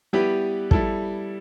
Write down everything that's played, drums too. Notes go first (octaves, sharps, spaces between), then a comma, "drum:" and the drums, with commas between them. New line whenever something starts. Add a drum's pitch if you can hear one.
G3 B3 E4 G4 B4
G3 E4 A4, drum: kick